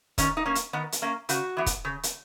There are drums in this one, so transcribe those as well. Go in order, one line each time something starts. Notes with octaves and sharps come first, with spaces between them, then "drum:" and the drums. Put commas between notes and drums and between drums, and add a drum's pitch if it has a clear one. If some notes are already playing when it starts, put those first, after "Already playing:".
D#3 C#4, drum: kick, hi-hat
D#4
A#3 C#4
drum: hi-hat
D#3 B3
drum: hi-hat
A#3 C#4
C#3 F#4, drum: hi-hat
E3 B3
drum: kick, hi-hat
C#3
drum: hi-hat